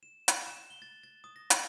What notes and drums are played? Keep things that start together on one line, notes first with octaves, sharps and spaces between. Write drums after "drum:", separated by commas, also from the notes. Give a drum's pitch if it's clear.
E7
F#6, drum: hi-hat
E7
G7
A6
A6
D#6
A#6
A#6, drum: hi-hat